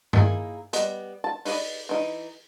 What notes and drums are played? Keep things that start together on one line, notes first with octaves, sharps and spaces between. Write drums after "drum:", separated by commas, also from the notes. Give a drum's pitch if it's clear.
A#3 D#4 E4 G#4, drum: tom G2
G3 B3 D#5, drum: hi-hat
A5
D#4 B4 D5 D#5, drum: open hi-hat
E3 D#4